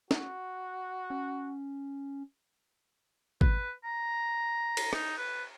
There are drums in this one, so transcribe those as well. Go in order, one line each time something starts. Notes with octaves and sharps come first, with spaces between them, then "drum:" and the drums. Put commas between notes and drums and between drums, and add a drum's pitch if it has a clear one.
F#4, drum: snare
C#4
B4, drum: kick G#1
A#5
drum: cymbal
D#4, drum: rim click
B4